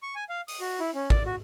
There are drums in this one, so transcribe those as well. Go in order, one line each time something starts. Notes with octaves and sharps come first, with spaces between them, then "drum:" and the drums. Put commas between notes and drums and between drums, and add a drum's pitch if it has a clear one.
C#6
G#5
F5
D#6, drum: open hi-hat
F#4
E4
C#4
D5, drum: kick
F#4